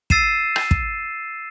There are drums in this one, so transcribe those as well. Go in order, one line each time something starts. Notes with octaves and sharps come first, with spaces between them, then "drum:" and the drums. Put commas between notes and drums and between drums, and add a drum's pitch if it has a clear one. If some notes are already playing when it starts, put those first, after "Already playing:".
E6 A6 C7 D#7 E7, drum: kick
drum: rim click
drum: kick